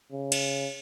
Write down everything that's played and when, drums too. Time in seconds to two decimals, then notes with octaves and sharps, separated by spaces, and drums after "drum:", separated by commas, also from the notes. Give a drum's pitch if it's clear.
0.13 C#3
0.32 drum: cymbal